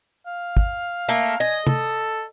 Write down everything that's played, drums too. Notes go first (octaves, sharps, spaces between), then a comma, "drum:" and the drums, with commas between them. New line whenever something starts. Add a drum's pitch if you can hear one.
F5
drum: kick
A3 A#3
D#5 G#5
A4, drum: tom C3